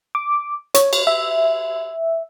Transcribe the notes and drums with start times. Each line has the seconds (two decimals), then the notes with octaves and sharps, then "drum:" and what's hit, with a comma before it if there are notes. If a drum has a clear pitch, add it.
0.15 D6
0.74 C#5, drum: hi-hat
0.93 drum: cymbal
1.07 E5